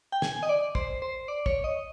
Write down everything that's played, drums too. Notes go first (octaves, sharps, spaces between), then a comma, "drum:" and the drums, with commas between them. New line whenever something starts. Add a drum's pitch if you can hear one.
G5
G#5, drum: snare
D#5
D5
C5, drum: kick
C5
D5
C#5, drum: kick
D#5